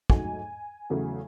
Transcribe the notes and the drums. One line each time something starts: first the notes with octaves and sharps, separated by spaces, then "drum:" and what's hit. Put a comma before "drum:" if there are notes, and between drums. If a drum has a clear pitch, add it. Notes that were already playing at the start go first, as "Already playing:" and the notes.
G#2 F#3 A3 G#5, drum: kick
E2 C#3 F#3 A3